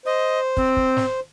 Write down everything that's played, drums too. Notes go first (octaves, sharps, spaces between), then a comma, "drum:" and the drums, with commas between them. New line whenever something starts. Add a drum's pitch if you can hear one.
C5 D#5
C4, drum: kick
drum: kick
drum: snare